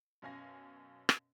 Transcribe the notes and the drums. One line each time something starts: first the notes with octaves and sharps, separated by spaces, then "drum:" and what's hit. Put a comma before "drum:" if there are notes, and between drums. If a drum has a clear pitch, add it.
F#2 B2 C#4 F5 G#5 A#6
drum: rim click